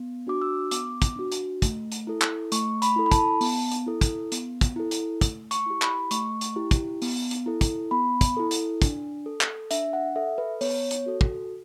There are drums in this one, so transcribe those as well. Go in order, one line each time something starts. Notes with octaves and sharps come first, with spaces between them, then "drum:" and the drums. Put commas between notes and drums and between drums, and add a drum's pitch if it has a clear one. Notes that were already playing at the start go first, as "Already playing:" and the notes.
Already playing: B3
D4 F#4 D6
E6
B3 D6, drum: hi-hat
drum: kick, hi-hat
D4 F#4
drum: hi-hat
A3, drum: kick, hi-hat
drum: hi-hat
E4 A4
drum: clap
A3 C#6, drum: hi-hat
B5, drum: hi-hat
E4 A4
B5
A5, drum: kick, hi-hat
B3, drum: open hi-hat
drum: hi-hat
E4 A4
drum: kick, hi-hat
B3, drum: hi-hat
drum: kick, hi-hat
E4 A4
drum: hi-hat
A3, drum: kick, hi-hat
C#6, drum: hi-hat
E4 G4
B5, drum: clap
A3 C#6, drum: hi-hat
drum: hi-hat
E4 G4
drum: kick, hi-hat
B3, drum: open hi-hat
drum: hi-hat
E4 A4
drum: kick, hi-hat
B3 B5
drum: kick, hi-hat
E4 A4
drum: hi-hat
D4, drum: kick, hi-hat
A4
drum: clap
D4 E5, drum: hi-hat
F#5
A4 E5
B4
B3 C#5, drum: open hi-hat
drum: hi-hat
F#4 A4
drum: kick